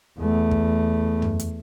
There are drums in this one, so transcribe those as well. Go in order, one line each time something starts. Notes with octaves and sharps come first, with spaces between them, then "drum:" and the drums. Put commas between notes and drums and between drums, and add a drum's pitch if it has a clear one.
E2 A3
drum: kick
drum: tom
drum: hi-hat